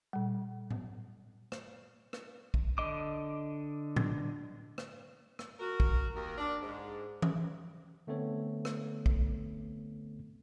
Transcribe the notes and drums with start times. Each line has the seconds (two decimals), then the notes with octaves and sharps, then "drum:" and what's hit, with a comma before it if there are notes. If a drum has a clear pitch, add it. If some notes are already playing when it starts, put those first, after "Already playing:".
0.13 A#2 G3
0.70 drum: tom A2
1.52 drum: rim click
2.13 drum: rim click
2.54 drum: kick
2.78 D3 D#5 D6
3.96 drum: tom A2
4.78 drum: rim click
5.39 drum: rim click
5.59 F#4 A#4
5.80 drum: kick
6.16 D#2 D#3 A#4
6.37 D4
6.62 G#2
7.22 drum: tom E3
8.07 D3 A3 B3 C4 A4 C#5
8.65 drum: rim click
9.06 drum: kick